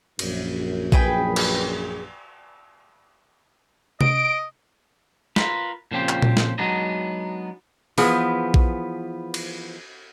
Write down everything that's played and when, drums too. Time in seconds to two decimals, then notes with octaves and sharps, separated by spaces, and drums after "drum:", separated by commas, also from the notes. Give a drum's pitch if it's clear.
0.19 A#1 F#2, drum: cymbal
0.92 G#4 B4 G5, drum: kick A#1
1.36 drum: cymbal
4.01 D#5 D7, drum: tom C3
5.36 F4 A#4 B4, drum: snare
5.91 A#2 C#3 F3 C4 G4
6.09 drum: clap
6.22 drum: tom A#2
6.37 drum: snare
6.58 F#3 G#3 B3 D4 D#4 D#5
7.98 E3 F3 B3 G#4, drum: open hi-hat
8.54 drum: kick A#1
9.34 drum: cymbal